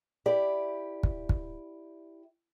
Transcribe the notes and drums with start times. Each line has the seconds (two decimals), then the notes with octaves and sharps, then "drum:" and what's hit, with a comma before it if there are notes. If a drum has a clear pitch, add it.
0.26 E4 G4 D5
1.03 drum: kick
1.29 drum: kick